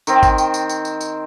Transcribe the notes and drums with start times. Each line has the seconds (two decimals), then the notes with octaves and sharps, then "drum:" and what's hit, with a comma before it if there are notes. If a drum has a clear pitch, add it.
0.07 D#3 C4, drum: tambourine
0.23 drum: kick, tambourine
0.38 drum: tambourine
0.54 drum: tambourine
0.69 drum: tambourine
0.85 drum: tambourine
1.01 drum: tambourine